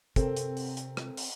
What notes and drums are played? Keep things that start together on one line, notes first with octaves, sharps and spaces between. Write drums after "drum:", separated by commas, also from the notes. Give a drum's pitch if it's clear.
C3 C4 A4 A#4, drum: kick, hi-hat
drum: hi-hat
drum: open hi-hat
drum: hi-hat
drum: rim click
drum: open hi-hat